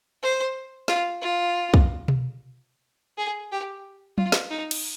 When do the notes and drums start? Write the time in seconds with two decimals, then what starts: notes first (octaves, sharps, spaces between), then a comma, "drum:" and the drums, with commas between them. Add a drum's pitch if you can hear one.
0.23 C5
0.88 F4, drum: snare
1.21 F4
1.74 drum: kick
2.08 drum: tom B2
3.18 G#4
3.52 G4
4.18 F4, drum: tom F#3
4.32 drum: snare
4.50 D#4
4.71 drum: cymbal